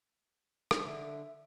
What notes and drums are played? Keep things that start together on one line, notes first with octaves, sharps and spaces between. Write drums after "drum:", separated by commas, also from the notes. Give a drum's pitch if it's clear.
F3, drum: rim click
D3 E5